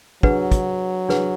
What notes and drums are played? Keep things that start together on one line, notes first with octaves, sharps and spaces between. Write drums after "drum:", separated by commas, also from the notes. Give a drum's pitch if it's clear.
F#3 D4 G#4 B4 F#5, drum: kick
drum: kick, hi-hat
D4 G#4 B4 F#5, drum: snare